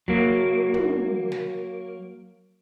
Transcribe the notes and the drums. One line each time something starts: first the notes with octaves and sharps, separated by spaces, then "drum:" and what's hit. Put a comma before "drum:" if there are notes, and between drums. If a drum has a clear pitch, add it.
F#3 A#3, drum: kick
drum: tom
drum: snare